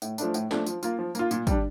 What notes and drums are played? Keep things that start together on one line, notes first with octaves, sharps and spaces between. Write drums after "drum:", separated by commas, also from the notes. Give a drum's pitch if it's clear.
A2, drum: tambourine
F3 A3 D4, drum: tambourine
A2, drum: tambourine
F3 A3 D4, drum: snare
F3, drum: tambourine
A#3 F4, drum: tambourine
F3
A#3 F4, drum: tambourine
A#2, drum: tambourine
G3 D4, drum: kick, tambourine